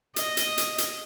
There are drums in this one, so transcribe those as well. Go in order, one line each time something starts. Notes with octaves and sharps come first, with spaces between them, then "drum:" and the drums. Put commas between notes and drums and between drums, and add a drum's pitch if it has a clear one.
D#5, drum: hi-hat
drum: hi-hat
drum: hi-hat
drum: hi-hat